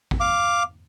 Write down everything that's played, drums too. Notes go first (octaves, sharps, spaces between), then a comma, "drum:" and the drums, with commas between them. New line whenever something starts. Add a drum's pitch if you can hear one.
drum: kick A1
F5 D6